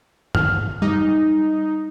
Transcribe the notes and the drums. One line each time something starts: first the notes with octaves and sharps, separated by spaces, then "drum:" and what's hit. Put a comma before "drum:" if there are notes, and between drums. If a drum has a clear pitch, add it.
F6, drum: tom F#2
G3 D#4